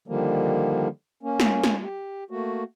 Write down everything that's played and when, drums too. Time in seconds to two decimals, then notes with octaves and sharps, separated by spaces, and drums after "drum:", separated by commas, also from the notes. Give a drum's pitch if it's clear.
0.08 D3 D#3 F3 G3 A#3
1.23 A#3 C#4
1.40 drum: snare
1.64 drum: snare
1.83 G4
2.31 A3 A#3 F#4